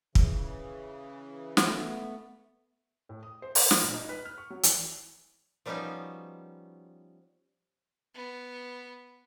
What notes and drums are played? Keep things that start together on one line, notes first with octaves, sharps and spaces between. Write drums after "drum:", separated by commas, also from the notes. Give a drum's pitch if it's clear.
C#3 E3, drum: kick
A3 B3, drum: snare
A2
D#6
C5
B5, drum: open hi-hat
F6, drum: snare
A#2
D#4
B4
F6
C#6
F#3
E3, drum: hi-hat
F3 G3 B3 C#4 D#4 F#4
B3